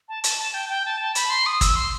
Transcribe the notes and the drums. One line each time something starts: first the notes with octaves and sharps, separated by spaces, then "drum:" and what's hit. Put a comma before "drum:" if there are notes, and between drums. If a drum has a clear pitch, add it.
A5
A5, drum: hi-hat
A5
G5
G5
A5
A5
B5, drum: hi-hat
C6
D#6
E6, drum: kick, hi-hat
C6